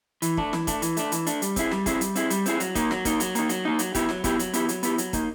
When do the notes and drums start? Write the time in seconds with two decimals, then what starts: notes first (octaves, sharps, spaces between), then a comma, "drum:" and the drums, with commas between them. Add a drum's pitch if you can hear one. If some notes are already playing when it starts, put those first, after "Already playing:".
0.22 E3, drum: hi-hat
0.37 A3 D4, drum: kick
0.53 E3, drum: snare
0.67 A3 D4, drum: kick, hi-hat
0.82 E3, drum: hi-hat
0.97 A3 D4, drum: hi-hat
1.12 E3, drum: hi-hat
1.27 A3 D4, drum: hi-hat
1.42 G3, drum: hi-hat
1.56 C4 E4 G#4, drum: kick, hi-hat
1.71 G3, drum: snare
1.86 C4 E4 G#4, drum: kick, hi-hat
2.01 G3, drum: hi-hat
2.15 C4 E4 G#4, drum: hi-hat
2.30 G3, drum: hi-hat
2.46 C4 E4 G#4, drum: hi-hat
2.60 F#3, drum: hi-hat
2.75 A#3 D#4, drum: kick, hi-hat
2.91 F#3, drum: snare
3.05 A#3 D#4, drum: kick, hi-hat
3.20 F#3, drum: hi-hat
3.35 A#3 D#4, drum: hi-hat
3.49 F#3, drum: hi-hat
3.65 A#3 D#4
3.79 F#3, drum: hi-hat
3.95 B3 E4 G4, drum: kick, hi-hat
4.09 F#3, drum: snare
4.24 B3 E4 G4, drum: kick, hi-hat
4.39 F#3, drum: hi-hat
4.54 B3 E4 G4, drum: hi-hat
4.69 F#3, drum: hi-hat
4.83 B3 E4 G4, drum: hi-hat
4.98 F#3, drum: hi-hat
5.13 A#3 D#4, drum: kick, hi-hat